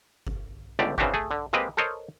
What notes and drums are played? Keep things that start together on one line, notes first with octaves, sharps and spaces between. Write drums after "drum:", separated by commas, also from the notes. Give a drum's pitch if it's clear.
drum: kick G1
G1 C#2 A2 D3 G4 D5
C#3 E3 C4 D4 F#4 G4, drum: kick G1
A3 G#4
D3
G#3 A#3 C4 G4 B4 D#5
A4 A#4 C5 C#5 D#5